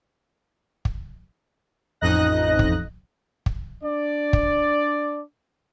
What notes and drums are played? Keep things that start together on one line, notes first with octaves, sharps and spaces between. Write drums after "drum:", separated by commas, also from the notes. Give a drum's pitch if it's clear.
drum: kick
A1 F2 D#4 D#5 F#6 A#6
drum: kick
drum: kick
D4 D5
drum: kick